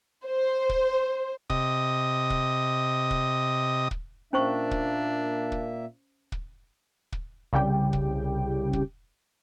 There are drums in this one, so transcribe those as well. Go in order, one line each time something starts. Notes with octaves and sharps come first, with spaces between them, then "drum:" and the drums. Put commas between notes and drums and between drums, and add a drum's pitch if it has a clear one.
C5
drum: kick
C3 D#5 D#6, drum: kick
drum: kick
drum: kick
drum: kick
A#2 A#3 C#4 D4 C5 E5 C#6
drum: kick
drum: kick
drum: kick
drum: kick
C2 C#3 G3 G4 G5
drum: kick
drum: kick